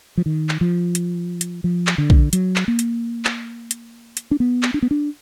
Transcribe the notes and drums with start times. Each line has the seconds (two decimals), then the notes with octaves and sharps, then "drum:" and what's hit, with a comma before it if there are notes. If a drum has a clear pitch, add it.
0.17 F3
0.26 D#3
0.49 drum: clap
0.61 F3
0.95 drum: hi-hat
1.41 drum: hi-hat
1.64 F3
1.87 drum: clap
1.98 D3
2.10 drum: kick A#1
2.33 F#3, drum: hi-hat
2.56 drum: clap
2.68 A#3
2.79 drum: hi-hat
3.25 drum: clap
3.71 drum: hi-hat
4.17 drum: hi-hat
4.31 D4
4.40 B3
4.63 drum: clap
4.74 D4
4.82 B3
4.91 D4